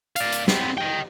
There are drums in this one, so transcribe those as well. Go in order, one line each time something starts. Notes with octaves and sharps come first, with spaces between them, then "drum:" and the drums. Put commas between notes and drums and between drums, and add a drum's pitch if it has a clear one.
D5 F5, drum: hi-hat
drum: hi-hat
B3 C4, drum: snare
D#5 G5